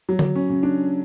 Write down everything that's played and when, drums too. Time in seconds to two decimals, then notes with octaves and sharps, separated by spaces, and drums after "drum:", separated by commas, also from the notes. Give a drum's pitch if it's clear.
0.09 F#3
0.19 drum: tom D3
0.36 C#4
0.50 C#3
0.63 D4